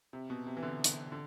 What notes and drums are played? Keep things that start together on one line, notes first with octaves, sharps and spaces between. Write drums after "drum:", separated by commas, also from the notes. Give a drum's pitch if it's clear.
C3
B2
C3
E3
D3
drum: hi-hat
D3